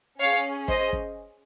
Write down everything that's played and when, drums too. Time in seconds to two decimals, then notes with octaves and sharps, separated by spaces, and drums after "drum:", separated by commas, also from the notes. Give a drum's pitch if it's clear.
0.20 C#4 G#4 C#5 F5
0.68 C5 D#5, drum: kick
0.93 drum: kick